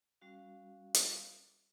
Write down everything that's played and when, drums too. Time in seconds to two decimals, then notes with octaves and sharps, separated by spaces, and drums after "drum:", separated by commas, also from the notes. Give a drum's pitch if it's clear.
0.21 G3 C#4 F#4 F5
0.94 drum: hi-hat